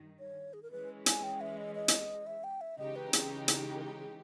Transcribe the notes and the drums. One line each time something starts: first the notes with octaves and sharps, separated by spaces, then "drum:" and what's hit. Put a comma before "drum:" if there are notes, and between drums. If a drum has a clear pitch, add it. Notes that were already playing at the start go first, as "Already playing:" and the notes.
Already playing: G2 D#3
C#5
G#4
A#4
E3 G#3 C#4 B4
G#5, drum: hi-hat
G5
E5
D#5
D#5
drum: hi-hat
E5
G5
E5
C#3 E3 G#3 D#4 G4 D#5
B4
G#4, drum: hi-hat
drum: hi-hat
A#4
G#4
G#4